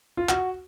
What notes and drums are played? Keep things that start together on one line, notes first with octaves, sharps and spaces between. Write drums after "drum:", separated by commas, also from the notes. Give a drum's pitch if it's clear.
F4
F#4, drum: clap